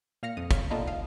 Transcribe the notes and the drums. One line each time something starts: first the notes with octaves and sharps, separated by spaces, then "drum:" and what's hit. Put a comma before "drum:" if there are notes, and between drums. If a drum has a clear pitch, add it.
A#2 F5 F6 A#6 C#7
F2 D#6
F4 C#5, drum: kick, hi-hat
A#3 B3 D4 D#4 F4 A4
C#2 F5 D#6